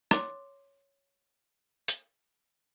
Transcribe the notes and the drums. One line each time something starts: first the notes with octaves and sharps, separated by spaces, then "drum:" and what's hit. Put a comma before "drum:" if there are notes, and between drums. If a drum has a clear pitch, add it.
C#5 C6 D6 A6, drum: rim click
drum: hi-hat